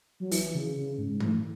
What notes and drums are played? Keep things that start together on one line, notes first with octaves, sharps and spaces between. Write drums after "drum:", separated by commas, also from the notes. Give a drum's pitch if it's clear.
F#3
E3, drum: open hi-hat
C#3
C#3
G#2
A2, drum: tom